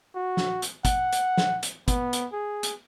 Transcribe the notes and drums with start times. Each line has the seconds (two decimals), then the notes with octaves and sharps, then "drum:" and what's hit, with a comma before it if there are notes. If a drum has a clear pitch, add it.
0.15 F#4
0.37 drum: snare
0.62 drum: hi-hat
0.85 F#5, drum: kick, hi-hat
1.12 drum: hi-hat
1.37 drum: snare
1.63 drum: hi-hat
1.88 B3, drum: kick, hi-hat
2.13 drum: hi-hat
2.33 G#4
2.63 drum: hi-hat